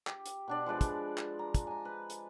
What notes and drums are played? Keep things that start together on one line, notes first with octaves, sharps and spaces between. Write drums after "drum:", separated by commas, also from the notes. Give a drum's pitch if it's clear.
G4, drum: clap
drum: hi-hat
B2 D4 D5
F3 G#3 B4 D5
drum: kick, hi-hat
drum: clap
A#5
drum: kick, hi-hat
G#5 A#5
B4
drum: hi-hat